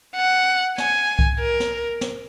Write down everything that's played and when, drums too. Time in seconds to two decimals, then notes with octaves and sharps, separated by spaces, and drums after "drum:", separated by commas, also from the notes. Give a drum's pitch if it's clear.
0.16 F#5
0.78 G#5, drum: snare
1.19 drum: kick C2
1.39 A#4
1.60 drum: snare
2.01 drum: snare